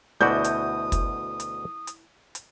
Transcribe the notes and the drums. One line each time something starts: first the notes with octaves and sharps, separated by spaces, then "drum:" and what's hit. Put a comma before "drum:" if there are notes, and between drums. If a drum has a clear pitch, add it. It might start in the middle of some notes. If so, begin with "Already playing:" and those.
D2 B2 E4 F#4 D5 D#6 G6
drum: hi-hat
drum: kick, hi-hat
drum: hi-hat
drum: hi-hat
drum: hi-hat